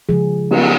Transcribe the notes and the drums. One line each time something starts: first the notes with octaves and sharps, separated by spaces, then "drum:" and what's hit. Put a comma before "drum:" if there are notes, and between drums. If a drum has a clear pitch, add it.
C#3 F3 G#3 G#4
drum: cymbal